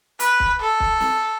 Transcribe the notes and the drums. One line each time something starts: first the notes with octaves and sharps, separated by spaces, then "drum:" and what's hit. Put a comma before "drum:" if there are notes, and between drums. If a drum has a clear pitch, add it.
B4, drum: hi-hat
drum: kick
A4
drum: kick
drum: snare